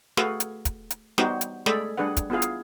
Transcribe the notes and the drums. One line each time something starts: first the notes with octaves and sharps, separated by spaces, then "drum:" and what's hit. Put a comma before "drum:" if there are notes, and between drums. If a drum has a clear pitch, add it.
A3 F#4 G#4 A4 B4 F5, drum: snare
drum: hi-hat
drum: kick, hi-hat
drum: hi-hat
G3 B3 D#4 F#4 G4 C5, drum: snare
drum: hi-hat
G#3 A3 G#4 A4 D5 B5, drum: snare
G3 D4 G#4 B4 F#5
drum: kick, hi-hat
B3 E4 F4 G#4 F5
drum: hi-hat